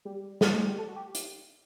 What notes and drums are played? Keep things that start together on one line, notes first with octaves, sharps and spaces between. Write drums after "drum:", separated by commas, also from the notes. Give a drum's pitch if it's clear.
G3
G3, drum: snare
A3
G4
A4
F#4
G4
drum: hi-hat